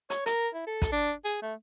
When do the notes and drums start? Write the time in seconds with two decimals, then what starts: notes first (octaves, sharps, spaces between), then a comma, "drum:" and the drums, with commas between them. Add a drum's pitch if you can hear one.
0.10 C#5, drum: hi-hat
0.26 A#4, drum: hi-hat
0.54 E4
0.67 A4
0.82 drum: kick, hi-hat
0.92 D4
1.25 G#4
1.42 A3